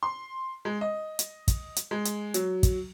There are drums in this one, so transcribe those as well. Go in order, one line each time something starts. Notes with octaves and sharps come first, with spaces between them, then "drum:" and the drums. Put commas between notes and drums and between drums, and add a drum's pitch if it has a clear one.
C6
G#3
D#5
drum: hi-hat
drum: kick, hi-hat
drum: hi-hat
G#3
drum: hi-hat
F#3, drum: hi-hat
drum: kick, hi-hat